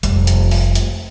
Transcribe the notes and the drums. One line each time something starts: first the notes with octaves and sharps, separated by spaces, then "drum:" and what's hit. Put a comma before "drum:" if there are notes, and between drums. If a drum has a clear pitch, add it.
F1 G3, drum: hi-hat
drum: hi-hat
drum: open hi-hat
drum: hi-hat